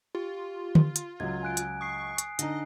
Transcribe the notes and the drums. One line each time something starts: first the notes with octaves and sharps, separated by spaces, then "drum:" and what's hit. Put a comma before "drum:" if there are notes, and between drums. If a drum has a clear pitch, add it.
F4 G4
drum: tom D3
drum: hi-hat
C#2 F#3 G#6
G#5 F#6 D7
drum: hi-hat
C#6 D#6 C7
drum: hi-hat
D3 D#4 D#5, drum: hi-hat